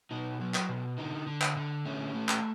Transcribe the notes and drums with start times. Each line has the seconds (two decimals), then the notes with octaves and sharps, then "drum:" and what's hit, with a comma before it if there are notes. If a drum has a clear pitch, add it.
0.11 B2 D#4
0.40 F#3
0.54 drum: clap
0.69 B2
0.98 D3 D#4
1.27 D3
1.42 drum: clap
1.57 D3
1.85 A3 C#4
2.14 A3
2.29 drum: clap